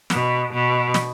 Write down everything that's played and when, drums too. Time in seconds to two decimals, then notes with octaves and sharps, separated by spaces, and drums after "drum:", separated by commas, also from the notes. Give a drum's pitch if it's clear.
0.10 B2, drum: snare
0.53 B2
0.94 drum: snare